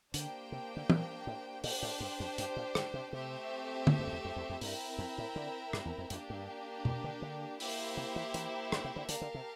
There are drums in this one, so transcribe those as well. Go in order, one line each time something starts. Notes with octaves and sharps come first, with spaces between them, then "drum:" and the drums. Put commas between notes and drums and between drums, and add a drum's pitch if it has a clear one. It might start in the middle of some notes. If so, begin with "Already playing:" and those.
D3 A#3 D4 G4 C5 G5, drum: hi-hat
C3
D3
A#2, drum: tom
A2
A#2 D4 G4 C5 G5, drum: open hi-hat
A2
G2
F2
G2, drum: hi-hat
A#2
D3, drum: rim click
C3
C3 A3 C4 G4 C5 E5
A2, drum: tom
G2
F2
E2
F2
E2
F2
G2 C4 E4 A#4 E5 G5, drum: open hi-hat
F2
A2
D3
G2, drum: rim click
E2
F2
F2 A#3 D4 G4, drum: hi-hat
G2
F2, drum: tom B2
D3
D3
A#3 E4 G4 C5 E5, drum: open hi-hat
C3
E3
E3, drum: hi-hat
D3, drum: rim click
C3
D3
D3 G4 A#4 F5 A5, drum: hi-hat
D3
C3